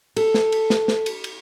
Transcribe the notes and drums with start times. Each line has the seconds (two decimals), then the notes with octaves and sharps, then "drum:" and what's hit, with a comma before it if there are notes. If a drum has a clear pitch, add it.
0.16 A4, drum: cymbal
0.34 drum: snare
0.52 drum: cymbal
0.70 drum: snare
0.88 drum: snare
1.06 drum: cymbal
1.24 drum: cymbal